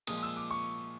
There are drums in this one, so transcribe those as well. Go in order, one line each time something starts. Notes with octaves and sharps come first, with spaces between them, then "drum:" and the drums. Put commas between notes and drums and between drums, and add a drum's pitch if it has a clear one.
A#2 F3 G#3 D#6, drum: cymbal
E6
D6
C#6